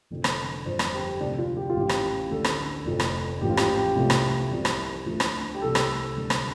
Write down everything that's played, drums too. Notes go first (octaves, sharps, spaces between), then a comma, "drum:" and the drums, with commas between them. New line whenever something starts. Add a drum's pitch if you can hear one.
F1 F2 D3 F3
drum: rim click
G1 F2 F3 C5
drum: rim click
G4
D2 C3 F3 A3 D4
F4
G4
F4
A1 A2 A3 G4
drum: rim click
D2 D3 A3 A4
drum: rim click
F1 F2 F3 A3
drum: rim click
A1 A2 F3 G4
F4
G4, drum: rim click
C2 C3 F3 A3
drum: rim click
C2 C3 F3
drum: rim click
D2 D3 F3 A3
drum: rim click
G4
C2 C3 F3 A3 A4
drum: rim click
D2 C3 G3
drum: rim click